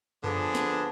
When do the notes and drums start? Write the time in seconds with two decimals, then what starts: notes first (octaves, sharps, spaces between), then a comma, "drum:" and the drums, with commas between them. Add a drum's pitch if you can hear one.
0.24 D3 F3 B3 D4 G#4, drum: tom F#2
0.55 drum: snare